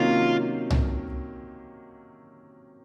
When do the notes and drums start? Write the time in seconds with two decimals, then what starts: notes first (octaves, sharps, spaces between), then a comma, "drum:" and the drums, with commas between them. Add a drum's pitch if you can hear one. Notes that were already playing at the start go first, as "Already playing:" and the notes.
Already playing: C3 D#3 F#3 A#3 C#4 F4
0.70 drum: tom C2